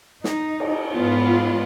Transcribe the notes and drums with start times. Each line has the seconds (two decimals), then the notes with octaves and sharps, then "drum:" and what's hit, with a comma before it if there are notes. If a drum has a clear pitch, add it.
0.24 D#4, drum: snare
0.60 drum: cymbal
0.94 G#2 B3 F4